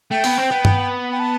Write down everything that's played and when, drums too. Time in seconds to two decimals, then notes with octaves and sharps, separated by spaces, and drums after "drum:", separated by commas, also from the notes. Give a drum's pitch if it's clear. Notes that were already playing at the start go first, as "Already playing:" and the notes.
0.11 A3 G5
0.24 B3, drum: open hi-hat
0.38 C4
0.51 B3
0.65 drum: tom G2
1.12 G5
1.19 A5